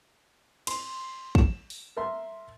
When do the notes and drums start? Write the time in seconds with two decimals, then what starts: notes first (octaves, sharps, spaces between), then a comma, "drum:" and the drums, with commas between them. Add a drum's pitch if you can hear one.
0.67 C6, drum: cymbal
1.35 E7, drum: kick
1.70 drum: open hi-hat
1.97 A#4 E5 C6